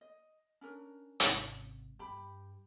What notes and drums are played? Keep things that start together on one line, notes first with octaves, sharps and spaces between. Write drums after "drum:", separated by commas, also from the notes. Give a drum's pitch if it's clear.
D#5
C#4 D4 A#4
G#1 C3, drum: hi-hat
G2 G4 B5